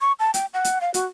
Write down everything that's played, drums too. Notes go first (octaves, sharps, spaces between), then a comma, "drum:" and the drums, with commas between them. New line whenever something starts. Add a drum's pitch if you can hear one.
C#6
A5
G5, drum: hi-hat
F#5
drum: hi-hat
F5
F#4, drum: hi-hat